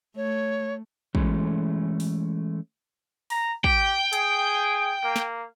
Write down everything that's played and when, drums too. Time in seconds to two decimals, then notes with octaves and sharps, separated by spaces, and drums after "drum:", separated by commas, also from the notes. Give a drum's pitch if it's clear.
0.17 A3 C#5
1.15 E3 G#3 A3 C#4, drum: kick
2.00 drum: open hi-hat
3.30 A#5, drum: open hi-hat
3.64 G4 G5, drum: kick
4.13 G#4, drum: hi-hat
5.04 A#3
5.16 drum: snare